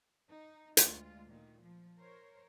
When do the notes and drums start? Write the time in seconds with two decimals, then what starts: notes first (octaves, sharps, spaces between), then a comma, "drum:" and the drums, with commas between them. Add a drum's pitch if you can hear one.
0.28 D#4
0.77 D2 G#3 F4, drum: hi-hat
1.29 A#2 D#3
1.63 F3
1.99 A#4 C5 C#5